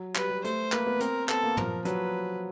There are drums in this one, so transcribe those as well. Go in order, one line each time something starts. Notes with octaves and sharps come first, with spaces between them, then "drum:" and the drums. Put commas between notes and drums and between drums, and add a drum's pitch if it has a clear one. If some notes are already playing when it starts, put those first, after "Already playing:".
Already playing: F#3
G3 B4, drum: clap
G3
A3 C5, drum: hi-hat
A#3 B4, drum: clap
B3
C4 A#4, drum: hi-hat
B3 A4, drum: clap
A#3
F3 A#4, drum: tom
F#3 B4, drum: hi-hat